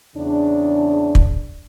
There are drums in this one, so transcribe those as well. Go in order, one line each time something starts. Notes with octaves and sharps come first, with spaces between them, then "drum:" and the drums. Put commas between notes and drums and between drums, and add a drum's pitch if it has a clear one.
E2 C#3 D4
drum: kick